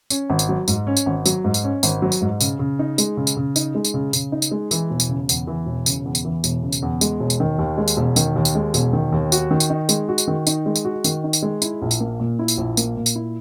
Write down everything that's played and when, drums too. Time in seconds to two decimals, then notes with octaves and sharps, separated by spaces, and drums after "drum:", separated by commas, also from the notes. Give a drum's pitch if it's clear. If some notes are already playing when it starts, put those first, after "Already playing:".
0.10 C#4, drum: tambourine
0.30 G#1
0.39 drum: tambourine
0.49 F#3
0.68 G#2, drum: tambourine
0.87 C#4
0.97 drum: tambourine
1.06 G#1
1.25 F#3, drum: tambourine
1.44 G#2
1.54 drum: tambourine
1.64 C#4
1.83 G#1, drum: tambourine
2.02 F#3
2.12 drum: tambourine
2.21 G#2
2.41 C#3, drum: tambourine
2.59 C#3
2.79 D#4
2.98 G#3, drum: tambourine
3.17 C#3
3.27 drum: tambourine
3.37 C#3
3.56 D#4, drum: tambourine
3.75 G#3
3.85 drum: tambourine
3.94 C#3
4.13 C#3, drum: tambourine
4.32 D#4
4.42 drum: tambourine
4.51 G#3
4.71 E3, drum: tambourine
4.90 E1
5.00 drum: tambourine
5.09 C#3
5.29 E2, drum: tambourine
5.47 E3
5.66 E1
5.86 C#3, drum: tambourine
6.05 E2
6.15 drum: tambourine
6.25 E3
6.44 E1, drum: tambourine
6.63 C#3
6.72 drum: tambourine
6.82 E2
7.01 G#3, drum: tambourine
7.20 E1
7.30 drum: tambourine
7.40 D#3
7.59 D#2
7.78 G#3
7.88 drum: tambourine
7.97 E1
8.16 D#3, drum: tambourine
8.36 D#2
8.45 drum: tambourine
8.55 G#3
8.74 E1, drum: tambourine
8.93 D#3
9.12 D#2
9.32 F#4, drum: tambourine
9.51 D#3
9.60 drum: tambourine
9.70 D#4
9.89 G#3, drum: tambourine
10.09 F#4
10.18 drum: tambourine
10.27 D#3
10.47 D#4, drum: tambourine
10.66 G#3
10.76 drum: tambourine
10.85 F#4
11.04 D#3, drum: tambourine
11.24 D#4
11.33 drum: tambourine
11.42 G#3
11.62 E4, drum: tambourine
11.82 A#1
11.91 drum: tambourine
12.00 A#3
12.20 A#2
12.39 E4
12.48 drum: tambourine
12.57 A#1
12.77 A#3, drum: tambourine
12.96 A#2
13.06 drum: tambourine
13.15 E4